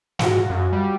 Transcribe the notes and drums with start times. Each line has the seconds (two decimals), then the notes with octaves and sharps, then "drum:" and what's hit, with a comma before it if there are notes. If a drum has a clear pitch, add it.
0.19 G#2 F4 F#4, drum: snare
0.50 F#2
0.73 G3